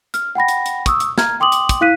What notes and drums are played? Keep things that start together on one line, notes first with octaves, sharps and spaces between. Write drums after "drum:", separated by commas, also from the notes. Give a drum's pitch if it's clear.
F6, drum: hi-hat
F#5 G5 B5 A#6
drum: hi-hat
drum: hi-hat
C#6 D#6 E6, drum: kick, hi-hat
drum: hi-hat
A#5 F6 G#6, drum: snare
G5 C6 D6 D#6 F#7
drum: hi-hat
drum: kick, hi-hat
E4 F5 F#6 B6 D#7